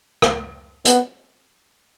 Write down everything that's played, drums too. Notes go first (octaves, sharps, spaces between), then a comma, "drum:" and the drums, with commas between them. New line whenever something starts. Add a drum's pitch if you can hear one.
drum: rim click
B3, drum: hi-hat